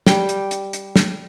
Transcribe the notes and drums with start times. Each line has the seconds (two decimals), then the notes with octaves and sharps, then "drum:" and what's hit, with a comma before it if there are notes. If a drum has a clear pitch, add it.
0.07 G3 G5, drum: snare
0.29 drum: hi-hat
0.51 drum: hi-hat
0.73 drum: hi-hat
0.96 drum: snare